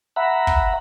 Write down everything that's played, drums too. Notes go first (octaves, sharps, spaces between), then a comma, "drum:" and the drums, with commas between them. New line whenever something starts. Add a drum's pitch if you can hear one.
E5 F#5 A#5 B5
drum: kick